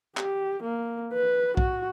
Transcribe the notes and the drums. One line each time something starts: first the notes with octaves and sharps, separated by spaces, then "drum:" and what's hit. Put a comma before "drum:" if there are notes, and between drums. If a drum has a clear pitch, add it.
G4, drum: clap
A#3
B4
F#4, drum: kick B1